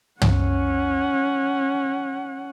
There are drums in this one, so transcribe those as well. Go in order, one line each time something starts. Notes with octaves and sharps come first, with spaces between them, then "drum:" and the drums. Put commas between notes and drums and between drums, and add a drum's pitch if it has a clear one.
C#4 F#5, drum: tom